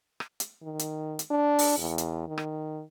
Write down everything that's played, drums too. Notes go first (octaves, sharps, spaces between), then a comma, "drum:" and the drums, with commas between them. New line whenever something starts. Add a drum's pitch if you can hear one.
drum: rim click
drum: hi-hat
D#3
drum: hi-hat
drum: hi-hat
D4
drum: open hi-hat
E2
drum: hi-hat
D#3
drum: rim click